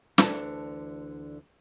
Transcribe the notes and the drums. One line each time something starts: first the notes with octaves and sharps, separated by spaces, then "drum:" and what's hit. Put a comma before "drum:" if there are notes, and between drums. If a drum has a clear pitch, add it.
D2 D3 E3 D4 A5, drum: snare